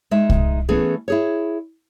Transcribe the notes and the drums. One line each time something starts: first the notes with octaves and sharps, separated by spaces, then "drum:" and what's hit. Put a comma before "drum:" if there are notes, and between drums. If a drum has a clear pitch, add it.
G#3 D#4 E5
drum: kick C2
E3 A3 B3 C#4 G#4
E4 G#4 C#5